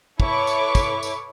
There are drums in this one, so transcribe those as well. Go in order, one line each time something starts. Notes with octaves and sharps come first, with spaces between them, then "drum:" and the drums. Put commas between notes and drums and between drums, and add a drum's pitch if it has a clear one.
E4 A4 B4 C#5 C#6 D6, drum: kick
drum: tambourine
drum: kick, tambourine
drum: tambourine